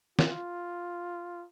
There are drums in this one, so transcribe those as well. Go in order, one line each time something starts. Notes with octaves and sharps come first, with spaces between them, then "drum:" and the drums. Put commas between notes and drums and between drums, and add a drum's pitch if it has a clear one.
F4, drum: snare